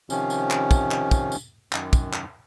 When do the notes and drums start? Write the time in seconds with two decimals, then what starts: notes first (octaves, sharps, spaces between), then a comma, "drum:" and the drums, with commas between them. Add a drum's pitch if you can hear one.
0.10 C3 D#3 F3 C#4, drum: tambourine
0.30 drum: tambourine
0.50 drum: clap
0.71 drum: kick, tambourine
0.91 drum: clap
1.11 drum: kick, tambourine
1.32 drum: tambourine
1.72 F#2 D#3, drum: clap
1.93 drum: kick, tambourine
2.13 drum: clap